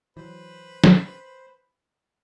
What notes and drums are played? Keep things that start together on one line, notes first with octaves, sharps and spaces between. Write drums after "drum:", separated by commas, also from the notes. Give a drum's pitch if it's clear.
E3 F#3 B4 C5
drum: snare